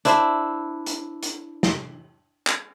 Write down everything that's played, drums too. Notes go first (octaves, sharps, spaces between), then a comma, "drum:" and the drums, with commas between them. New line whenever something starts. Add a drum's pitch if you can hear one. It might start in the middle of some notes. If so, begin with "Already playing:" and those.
D4 E4 C5, drum: hi-hat
drum: hi-hat
drum: hi-hat
drum: snare
drum: clap